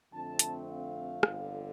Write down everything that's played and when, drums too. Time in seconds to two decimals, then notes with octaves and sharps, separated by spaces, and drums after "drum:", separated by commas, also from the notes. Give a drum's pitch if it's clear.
0.12 F2 D3 A3 C4 A5
0.39 drum: hi-hat
0.68 F5
1.23 G1 F2 D3, drum: rim click